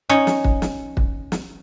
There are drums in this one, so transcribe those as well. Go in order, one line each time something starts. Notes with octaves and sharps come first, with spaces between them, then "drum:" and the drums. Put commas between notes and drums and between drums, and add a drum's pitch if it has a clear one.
C#4 D#4 C#5
drum: snare
drum: kick
drum: snare
drum: kick
drum: snare